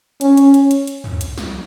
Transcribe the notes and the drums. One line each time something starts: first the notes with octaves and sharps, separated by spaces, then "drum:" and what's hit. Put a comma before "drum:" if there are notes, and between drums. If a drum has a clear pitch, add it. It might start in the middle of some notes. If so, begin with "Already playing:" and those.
C#4, drum: hi-hat
drum: hi-hat
drum: hi-hat
drum: hi-hat
drum: hi-hat
drum: tom
drum: hi-hat
drum: snare